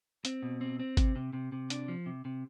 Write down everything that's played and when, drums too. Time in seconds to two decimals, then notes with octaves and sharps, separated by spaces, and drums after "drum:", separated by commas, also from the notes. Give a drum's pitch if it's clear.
0.25 C4, drum: hi-hat
0.43 B2
0.61 C4
0.80 C4
0.97 C3, drum: kick G#1, hi-hat
1.16 C3
1.33 C3
1.52 C3
1.70 D4, drum: hi-hat
1.88 F3
2.06 C3
2.25 C3